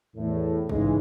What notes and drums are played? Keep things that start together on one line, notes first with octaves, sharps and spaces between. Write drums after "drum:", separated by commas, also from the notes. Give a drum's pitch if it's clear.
E2 A2
G#2 C#3 E3 G#3, drum: kick A#1